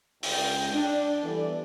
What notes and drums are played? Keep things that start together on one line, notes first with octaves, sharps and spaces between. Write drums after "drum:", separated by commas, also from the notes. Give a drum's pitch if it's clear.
C#2 G5, drum: open hi-hat
D4
E3 G3 B3 A4 D5